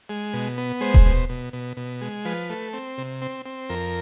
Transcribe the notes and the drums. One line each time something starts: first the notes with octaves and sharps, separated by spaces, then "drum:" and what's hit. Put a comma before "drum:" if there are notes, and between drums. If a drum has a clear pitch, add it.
G#3
B2
B3
G#3 C5
drum: kick D#1
B2
B2
B2
B2
G#3
F3 B4
A3
C4
C3
C4
C4
F2 A#4